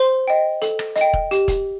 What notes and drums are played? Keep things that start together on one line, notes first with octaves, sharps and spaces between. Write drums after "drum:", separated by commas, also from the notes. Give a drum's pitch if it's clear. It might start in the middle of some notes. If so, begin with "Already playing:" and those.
Already playing: C5 C6
D#5 G5
A4, drum: hi-hat
drum: rim click
D#5, drum: hi-hat
G5
drum: kick E1
G4, drum: hi-hat
drum: kick E1, hi-hat